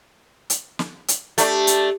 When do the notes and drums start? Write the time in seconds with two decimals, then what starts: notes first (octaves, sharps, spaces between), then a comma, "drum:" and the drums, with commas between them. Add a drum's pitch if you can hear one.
0.50 drum: hi-hat
0.79 drum: snare
1.08 drum: hi-hat
1.38 A3 D4 G4, drum: hi-hat
1.67 drum: hi-hat